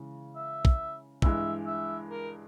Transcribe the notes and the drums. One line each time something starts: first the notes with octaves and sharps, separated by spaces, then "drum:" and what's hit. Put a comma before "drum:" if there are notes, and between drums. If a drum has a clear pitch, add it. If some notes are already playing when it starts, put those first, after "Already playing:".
Already playing: C#3 E3 G#3
E5
drum: kick
G2 E3 G#3 E5, drum: kick
E5
A#4